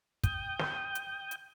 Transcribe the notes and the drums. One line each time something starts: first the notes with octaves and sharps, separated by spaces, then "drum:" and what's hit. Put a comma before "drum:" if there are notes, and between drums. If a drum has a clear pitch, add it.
G5 D#6 G6, drum: kick, hi-hat
drum: snare
drum: hi-hat
drum: hi-hat